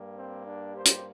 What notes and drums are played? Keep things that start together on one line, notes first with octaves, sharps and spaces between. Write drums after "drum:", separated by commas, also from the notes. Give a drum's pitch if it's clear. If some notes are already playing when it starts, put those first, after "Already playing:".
Already playing: G2 G3 A#3
C4
D4
G4 C5
drum: hi-hat